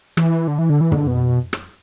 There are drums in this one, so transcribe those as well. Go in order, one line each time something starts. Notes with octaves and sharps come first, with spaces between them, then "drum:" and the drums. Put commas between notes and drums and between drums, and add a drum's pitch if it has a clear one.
E3, drum: rim click
D3
E3
D3
E3
D3, drum: tom
B2
drum: rim click